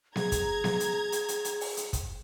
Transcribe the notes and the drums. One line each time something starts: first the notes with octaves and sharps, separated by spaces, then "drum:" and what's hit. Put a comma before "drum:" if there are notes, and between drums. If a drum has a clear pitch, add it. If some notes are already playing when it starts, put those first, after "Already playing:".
G#4 A#5 G#6, drum: snare B3
drum: kick, hi-hat
drum: snare B3
drum: hi-hat
drum: hi-hat
drum: hi-hat
drum: hi-hat
drum: open hi-hat
drum: hi-hat
drum: kick, hi-hat